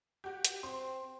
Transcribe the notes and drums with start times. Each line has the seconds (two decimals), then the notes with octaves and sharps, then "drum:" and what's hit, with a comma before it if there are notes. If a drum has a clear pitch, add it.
0.24 F#4 G4
0.45 drum: hi-hat
0.63 C4 C6